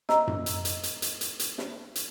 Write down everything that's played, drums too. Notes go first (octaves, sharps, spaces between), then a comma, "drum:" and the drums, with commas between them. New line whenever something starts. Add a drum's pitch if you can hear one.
D#5 A#5 E6, drum: snare
drum: tom F#2
drum: hi-hat
drum: hi-hat
drum: hi-hat
drum: hi-hat
drum: hi-hat
drum: hi-hat
drum: snare
drum: hi-hat